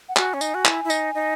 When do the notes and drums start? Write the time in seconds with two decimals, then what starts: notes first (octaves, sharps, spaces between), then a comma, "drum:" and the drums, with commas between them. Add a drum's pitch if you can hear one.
0.09 F#5
0.16 F#4 G#5, drum: clap
0.34 C#4
0.41 D#4, drum: tambourine
0.54 F#4
0.65 E4, drum: clap
0.84 E4
0.90 D#4, drum: tambourine
1.14 D#4